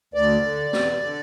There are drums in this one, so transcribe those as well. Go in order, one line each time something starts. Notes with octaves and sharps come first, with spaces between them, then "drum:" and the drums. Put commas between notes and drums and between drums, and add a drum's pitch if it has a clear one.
D2 D5
D3
E2, drum: snare
D3